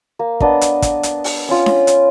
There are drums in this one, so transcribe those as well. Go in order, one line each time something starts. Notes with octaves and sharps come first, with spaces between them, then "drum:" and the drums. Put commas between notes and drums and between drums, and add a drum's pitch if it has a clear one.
A#3
B3 D4 D#5, drum: kick
drum: hi-hat
drum: kick, hi-hat
drum: hi-hat
drum: open hi-hat
C#4 F4
drum: snare D4
drum: hi-hat